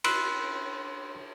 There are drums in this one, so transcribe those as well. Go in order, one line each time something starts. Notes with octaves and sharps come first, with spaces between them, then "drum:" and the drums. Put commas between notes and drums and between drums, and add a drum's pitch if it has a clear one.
B5 C6 E6 F#6, drum: cymbal